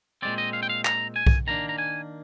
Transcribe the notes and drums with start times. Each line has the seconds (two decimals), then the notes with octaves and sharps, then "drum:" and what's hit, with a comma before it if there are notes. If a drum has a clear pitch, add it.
0.22 A#2 G#3 C4 D5
0.38 D#5
0.53 F5
0.63 G5
0.70 F5
0.85 A#5, drum: clap
1.16 G#5
1.27 drum: kick B1
1.47 D#3 A#3 D4 A#5
1.69 A#5
1.78 G#5